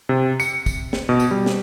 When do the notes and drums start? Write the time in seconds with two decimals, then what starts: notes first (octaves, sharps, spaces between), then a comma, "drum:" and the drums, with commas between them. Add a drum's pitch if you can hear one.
0.09 C3
0.40 C#7, drum: tambourine
0.66 drum: kick, tambourine
0.93 drum: snare
1.09 B2
1.20 drum: tambourine
1.31 G3
1.46 drum: snare